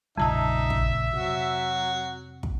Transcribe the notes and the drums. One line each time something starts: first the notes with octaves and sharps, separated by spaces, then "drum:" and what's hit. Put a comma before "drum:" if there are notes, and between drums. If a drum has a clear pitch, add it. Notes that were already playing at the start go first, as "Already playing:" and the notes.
A#1 F2 C#3 G3 D#4 E5 A5 E6
drum: kick
C3 F#3 F#4
drum: kick